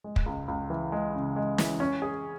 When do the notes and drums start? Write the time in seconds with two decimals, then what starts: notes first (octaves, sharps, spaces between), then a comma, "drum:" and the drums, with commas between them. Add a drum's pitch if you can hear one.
0.04 G#3
0.16 drum: kick
0.26 C#2
0.48 C#2
0.70 E3
0.92 G#3
1.15 C#3
1.36 G#3
1.58 E3, drum: snare
1.80 C#4
2.02 G#4